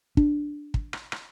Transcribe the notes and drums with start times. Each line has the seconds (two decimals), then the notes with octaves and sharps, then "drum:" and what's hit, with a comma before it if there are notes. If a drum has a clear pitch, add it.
0.17 D4, drum: kick
0.74 drum: kick
0.93 drum: rim click
1.12 drum: rim click